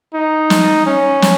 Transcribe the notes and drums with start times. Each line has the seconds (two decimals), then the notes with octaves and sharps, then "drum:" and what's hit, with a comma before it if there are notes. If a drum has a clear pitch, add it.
0.14 D#4
0.50 drum: snare
0.86 C#4
1.22 drum: snare